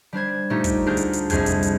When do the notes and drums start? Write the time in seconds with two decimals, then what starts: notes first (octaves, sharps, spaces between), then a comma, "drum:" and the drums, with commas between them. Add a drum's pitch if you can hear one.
0.13 G3 D4 C5 G#6
0.50 A#2 A3 D#4 G4
0.64 drum: kick, hi-hat
0.86 D2 D4 G#4 A#4 G6
0.97 drum: hi-hat
1.13 drum: hi-hat
1.30 C2 F2 G#4 G6 G#6, drum: kick, hi-hat
1.46 drum: hi-hat
1.63 drum: hi-hat